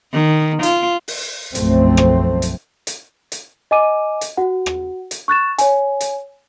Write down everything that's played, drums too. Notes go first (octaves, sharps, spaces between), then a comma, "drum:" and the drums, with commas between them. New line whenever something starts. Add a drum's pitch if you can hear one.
D#3
F4, drum: hi-hat
drum: open hi-hat
B1 F#2 F3 A3 C4, drum: hi-hat
drum: rim click
drum: hi-hat
drum: hi-hat
drum: hi-hat
D#5 G#5 D6 D#7
drum: hi-hat
F#4 F#5
drum: rim click
drum: hi-hat
C#6 F#6 A6 E7
C#5 G#5, drum: hi-hat
drum: hi-hat